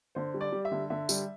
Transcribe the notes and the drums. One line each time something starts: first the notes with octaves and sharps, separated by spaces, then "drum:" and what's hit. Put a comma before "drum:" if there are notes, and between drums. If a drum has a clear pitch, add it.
D3 C5
G3
D5
G3
E5
D3
D3 E5
G3, drum: tambourine